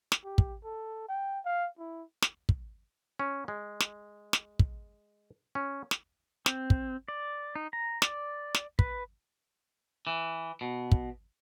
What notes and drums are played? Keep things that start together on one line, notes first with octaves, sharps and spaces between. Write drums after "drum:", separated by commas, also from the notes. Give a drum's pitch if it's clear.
drum: snare
G4
drum: kick
A4
G5
F5
E4
drum: snare
drum: kick
C#4
G#3
drum: snare
drum: snare
drum: kick
C#4
drum: snare
C4, drum: snare
drum: kick
D5
D#4
A#5
D5, drum: snare
drum: snare
B4, drum: kick
E3
B2
drum: kick